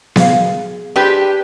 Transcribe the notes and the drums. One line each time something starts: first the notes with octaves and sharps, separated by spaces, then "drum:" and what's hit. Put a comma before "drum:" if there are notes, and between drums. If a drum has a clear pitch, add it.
G#4 F5, drum: snare B3
D4 G4 G#4 B4 C5